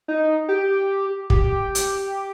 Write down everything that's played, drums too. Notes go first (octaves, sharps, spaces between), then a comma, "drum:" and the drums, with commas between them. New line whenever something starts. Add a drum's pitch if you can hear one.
D#4
G4
G4, drum: kick
drum: hi-hat